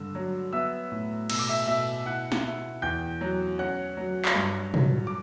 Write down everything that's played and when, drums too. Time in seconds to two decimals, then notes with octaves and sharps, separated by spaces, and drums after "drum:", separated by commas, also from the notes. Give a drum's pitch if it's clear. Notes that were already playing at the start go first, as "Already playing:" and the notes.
Already playing: G2 D3 E6
0.15 F#3
0.53 B3 E5 E6
0.92 A2
1.30 B2 E6, drum: cymbal
1.39 D6
1.49 E5 E6
1.67 B2 E5 E6
2.05 E4 F#5 F#6
2.32 drum: snare
2.44 E4
2.82 E2 G5 G6
3.21 F#3
3.58 C#4 F#5 F#6
3.97 F#3
4.25 drum: clap
4.35 G2
4.74 F#3, drum: tom
5.07 D6